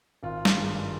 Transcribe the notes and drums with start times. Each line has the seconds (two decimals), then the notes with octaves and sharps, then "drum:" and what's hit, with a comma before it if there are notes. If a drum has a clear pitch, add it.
0.23 G#1 F4
0.45 drum: snare
0.57 G2 D#3 G#3